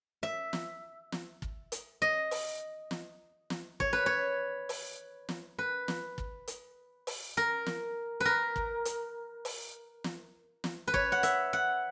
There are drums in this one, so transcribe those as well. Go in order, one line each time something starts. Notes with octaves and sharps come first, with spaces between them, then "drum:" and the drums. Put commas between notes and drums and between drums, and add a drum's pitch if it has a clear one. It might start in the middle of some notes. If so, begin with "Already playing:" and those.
E5
drum: snare
drum: snare
drum: kick
drum: hi-hat
D#5
drum: open hi-hat
drum: snare
drum: snare
C#5, drum: kick
B4
C#5
drum: open hi-hat
drum: snare
B4
drum: snare
drum: kick
drum: hi-hat
drum: open hi-hat
A#4
drum: snare
A#4 B4
drum: kick
drum: hi-hat
drum: open hi-hat
drum: snare
drum: snare
B4
C#5, drum: kick
F#5
E5, drum: hi-hat
F#5